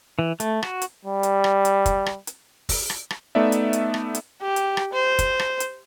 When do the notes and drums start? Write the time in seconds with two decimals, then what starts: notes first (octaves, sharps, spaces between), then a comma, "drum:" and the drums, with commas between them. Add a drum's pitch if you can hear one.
0.19 E3
0.40 A3, drum: hi-hat
0.63 F#4, drum: rim click
0.82 drum: hi-hat
1.05 G3
1.23 drum: hi-hat
1.44 drum: rim click
1.65 drum: hi-hat
1.86 drum: kick, hi-hat
2.06 drum: rim click
2.27 drum: hi-hat
2.69 drum: kick, open hi-hat
2.90 drum: rim click
3.10 drum: rim click
3.35 A3 B3 D#4 D5 E5
3.52 drum: hi-hat
3.73 drum: hi-hat
3.94 drum: rim click
4.15 drum: hi-hat
4.41 G4
4.56 drum: hi-hat
4.77 drum: rim click
4.93 C5
5.19 drum: kick, hi-hat
5.39 drum: rim click
5.60 drum: hi-hat